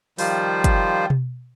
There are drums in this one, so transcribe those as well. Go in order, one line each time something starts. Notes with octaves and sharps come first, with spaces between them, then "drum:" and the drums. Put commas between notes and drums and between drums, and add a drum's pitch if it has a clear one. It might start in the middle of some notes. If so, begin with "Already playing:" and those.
D#3 F3 G3 F4 C5, drum: open hi-hat
drum: kick, hi-hat
drum: tom B2